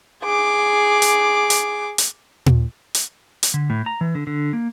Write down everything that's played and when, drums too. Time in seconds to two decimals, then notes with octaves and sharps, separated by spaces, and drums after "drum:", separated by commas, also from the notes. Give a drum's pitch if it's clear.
0.24 G#4 D6
1.02 drum: hi-hat
1.50 drum: hi-hat
1.98 drum: hi-hat
2.46 drum: tom A#2
2.94 drum: hi-hat
3.43 drum: hi-hat
3.54 D3
3.70 A2
3.86 A#5
4.01 E3
4.15 D3
4.27 D3
4.53 A#3